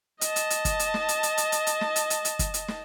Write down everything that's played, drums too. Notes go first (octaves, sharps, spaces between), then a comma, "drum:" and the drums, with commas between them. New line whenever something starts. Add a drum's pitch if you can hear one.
D#5 A5, drum: hi-hat
drum: hi-hat
drum: hi-hat
drum: kick, hi-hat
drum: hi-hat
drum: snare
drum: hi-hat
drum: hi-hat
drum: hi-hat
drum: hi-hat
drum: hi-hat
drum: snare
drum: hi-hat
drum: hi-hat
drum: hi-hat
drum: kick, hi-hat
drum: hi-hat
drum: snare